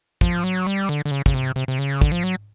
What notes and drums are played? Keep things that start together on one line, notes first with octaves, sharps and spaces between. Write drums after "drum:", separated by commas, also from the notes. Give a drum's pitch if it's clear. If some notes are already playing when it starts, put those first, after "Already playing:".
F3, drum: kick
F#3
G3
D3
D3
C#3
C#3, drum: kick
C3
C3
C3
C#3
D3, drum: kick
F3
F#3